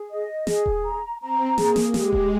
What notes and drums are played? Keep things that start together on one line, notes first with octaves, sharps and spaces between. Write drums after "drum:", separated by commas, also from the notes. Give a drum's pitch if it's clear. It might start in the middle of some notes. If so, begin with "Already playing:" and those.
Already playing: G#4
D#5
G#4, drum: snare
drum: kick D#1
A#5
C4 A#5
A#3 G#4, drum: snare
drum: snare
G#3 G4, drum: snare
drum: kick D#1